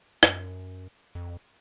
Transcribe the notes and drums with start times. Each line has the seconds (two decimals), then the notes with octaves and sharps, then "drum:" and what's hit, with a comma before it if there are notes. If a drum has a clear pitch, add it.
0.23 F#2, drum: rim click
1.15 F2